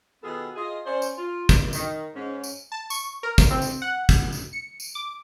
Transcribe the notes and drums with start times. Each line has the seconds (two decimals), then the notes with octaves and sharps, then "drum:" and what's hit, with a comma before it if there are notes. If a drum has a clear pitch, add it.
0.23 B2 D#3 B3 F4 G#4 A4
0.56 F4 G#4 D#5
0.85 C#4 C5 D5
1.02 drum: tambourine
1.18 F4
1.49 drum: kick, tambourine
1.73 D#3, drum: tambourine
2.15 G#2 C#4
2.44 drum: tambourine
2.72 A5
2.90 C#6, drum: tambourine
3.23 A#4
3.38 drum: kick, tambourine
3.51 C4
3.62 drum: tambourine
3.82 F#5
4.09 drum: kick, tambourine
4.33 drum: tambourine
4.53 C#7
4.80 drum: tambourine
4.95 D6